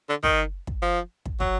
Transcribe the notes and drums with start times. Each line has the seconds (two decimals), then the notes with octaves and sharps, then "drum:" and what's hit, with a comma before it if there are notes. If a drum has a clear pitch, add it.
0.09 D3
0.23 D#3, drum: kick
0.67 drum: kick
0.82 F3
1.26 drum: kick
1.40 F#3, drum: kick